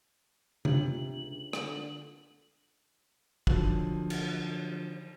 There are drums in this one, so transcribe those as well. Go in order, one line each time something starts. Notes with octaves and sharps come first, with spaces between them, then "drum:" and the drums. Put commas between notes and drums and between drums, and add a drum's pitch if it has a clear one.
C3 D4 F4 F#7, drum: tom C3
C#2
D3, drum: rim click
D3 D#3 F3 F#3, drum: kick
drum: cymbal